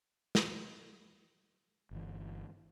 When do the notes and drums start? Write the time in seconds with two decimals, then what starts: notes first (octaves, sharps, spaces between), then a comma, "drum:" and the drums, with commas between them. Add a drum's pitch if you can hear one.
0.35 drum: snare
1.91 G1 E3